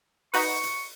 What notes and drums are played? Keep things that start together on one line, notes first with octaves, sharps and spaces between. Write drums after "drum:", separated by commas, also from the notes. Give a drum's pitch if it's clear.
D#4 F#4 B4 C#6, drum: open hi-hat
drum: hi-hat